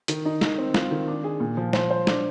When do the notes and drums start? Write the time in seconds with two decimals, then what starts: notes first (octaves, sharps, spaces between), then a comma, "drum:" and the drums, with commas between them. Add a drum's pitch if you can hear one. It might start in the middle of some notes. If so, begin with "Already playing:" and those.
0.08 D#3, drum: hi-hat
0.25 D#4
0.41 D#3, drum: snare
0.58 C4
0.74 F4, drum: snare
0.91 D#3
1.08 D4
1.24 G#4
1.40 A#2
1.57 F3
1.73 C5, drum: snare
1.91 C5
2.07 D4, drum: snare